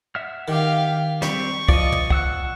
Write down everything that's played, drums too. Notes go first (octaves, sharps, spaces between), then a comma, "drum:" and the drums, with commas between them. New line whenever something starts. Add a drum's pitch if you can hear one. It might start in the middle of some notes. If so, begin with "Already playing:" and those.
E5 F#5 F6
D#3 G4 F5
G3 C4 G4 C#6, drum: snare
F3 D5 D#5, drum: kick
drum: tom
F#5 E6 F#6, drum: kick